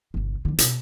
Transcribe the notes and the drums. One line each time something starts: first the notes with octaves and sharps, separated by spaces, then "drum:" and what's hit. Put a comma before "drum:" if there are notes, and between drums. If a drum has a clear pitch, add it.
G1 C2
D3 E3
B2 B3, drum: hi-hat